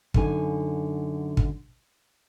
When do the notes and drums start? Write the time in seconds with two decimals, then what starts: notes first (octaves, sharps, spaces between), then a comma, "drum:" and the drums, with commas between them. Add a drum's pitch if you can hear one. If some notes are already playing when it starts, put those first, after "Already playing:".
0.14 F#2 D3 D#4 G#5, drum: kick
1.37 drum: kick